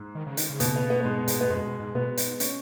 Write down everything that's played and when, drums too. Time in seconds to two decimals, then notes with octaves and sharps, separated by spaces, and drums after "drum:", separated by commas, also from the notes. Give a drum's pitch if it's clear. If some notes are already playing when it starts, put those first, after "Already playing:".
Already playing: G#2
0.15 D#3
0.27 C#3
0.37 D#3, drum: hi-hat
0.50 C#3
0.60 B2, drum: hi-hat
0.76 B3
0.90 B3
1.01 B3
1.05 G#2 G#3
1.28 G#2, drum: hi-hat
1.41 B3
1.50 F#2 G#3
1.66 B2
1.80 G#2
1.95 B2 B3
2.17 G#2, drum: hi-hat
2.40 C#4, drum: hi-hat